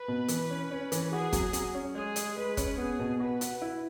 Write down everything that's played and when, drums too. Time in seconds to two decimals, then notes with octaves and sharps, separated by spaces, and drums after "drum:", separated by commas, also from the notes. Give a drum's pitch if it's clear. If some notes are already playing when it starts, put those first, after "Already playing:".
Already playing: B4
0.08 B2
0.28 E3, drum: hi-hat
0.50 C#4
0.71 C#4
0.92 E3, drum: hi-hat
1.12 F#4 G#4
1.33 F#3, drum: kick, hi-hat
1.53 F#3, drum: hi-hat
1.74 C#4
1.95 G#3 G#4
2.16 G#3, drum: hi-hat
2.37 G#3 B4
2.57 C#4, drum: kick, hi-hat
2.78 B3 G#4
3.00 B2
3.20 F#4 B4
3.41 F#4, drum: hi-hat
3.62 E4